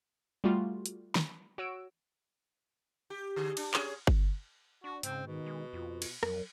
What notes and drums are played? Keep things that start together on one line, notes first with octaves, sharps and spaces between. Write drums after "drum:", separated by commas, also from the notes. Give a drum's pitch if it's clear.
G3 A3 F4 F#4
drum: hi-hat
drum: snare
F#4 C#5 E6 D7
G4
D3 G#4
D4, drum: cymbal
C#4 G#4, drum: clap
drum: kick G1
D4 F#4
G#2 C#3 C4, drum: hi-hat
B2 D#3
G#3
F2 F4
drum: cymbal
F2 F#3 A#4, drum: rim click